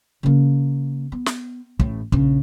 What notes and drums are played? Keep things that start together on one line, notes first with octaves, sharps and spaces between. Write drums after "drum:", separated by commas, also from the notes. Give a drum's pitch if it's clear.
C#3 A#3
B3
drum: snare
A1 A2, drum: kick
A#1 C#3, drum: kick